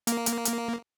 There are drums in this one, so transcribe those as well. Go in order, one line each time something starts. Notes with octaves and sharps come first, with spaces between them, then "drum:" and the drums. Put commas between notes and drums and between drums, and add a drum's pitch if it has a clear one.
A#3, drum: hi-hat
drum: hi-hat
drum: hi-hat